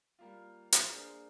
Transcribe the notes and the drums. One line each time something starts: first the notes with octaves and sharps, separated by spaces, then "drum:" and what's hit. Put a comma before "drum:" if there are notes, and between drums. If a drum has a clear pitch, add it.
G3 A#3 F4
drum: hi-hat
A#3 D4 G#4 C5